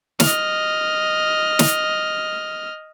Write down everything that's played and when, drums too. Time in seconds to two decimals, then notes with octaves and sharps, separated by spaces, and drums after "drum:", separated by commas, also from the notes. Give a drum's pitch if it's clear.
0.20 D#5 F6, drum: snare
1.59 drum: snare